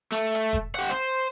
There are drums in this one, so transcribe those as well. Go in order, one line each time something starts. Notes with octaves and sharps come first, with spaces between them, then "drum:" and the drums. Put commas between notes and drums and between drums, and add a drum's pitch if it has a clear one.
A3
drum: hi-hat
drum: kick E1
G4 F#5
C5, drum: hi-hat